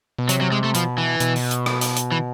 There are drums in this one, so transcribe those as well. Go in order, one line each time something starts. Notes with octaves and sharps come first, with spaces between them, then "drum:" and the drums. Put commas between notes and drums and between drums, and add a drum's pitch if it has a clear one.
B2
C3 F#3, drum: hi-hat
F#3
G#3
A3
B2 F3, drum: hi-hat
E3
B2, drum: hi-hat
drum: open hi-hat
drum: hi-hat
drum: rim click
drum: hi-hat
drum: hi-hat
E3